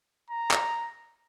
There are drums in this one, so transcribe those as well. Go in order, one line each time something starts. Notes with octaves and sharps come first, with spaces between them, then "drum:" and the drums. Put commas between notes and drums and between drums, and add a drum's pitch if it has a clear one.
A#5
drum: clap